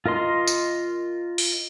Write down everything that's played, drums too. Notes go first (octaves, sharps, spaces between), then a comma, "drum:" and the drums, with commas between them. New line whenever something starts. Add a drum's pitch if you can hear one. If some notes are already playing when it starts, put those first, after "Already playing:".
F4 A#4 D#5 C6
drum: tambourine
drum: open hi-hat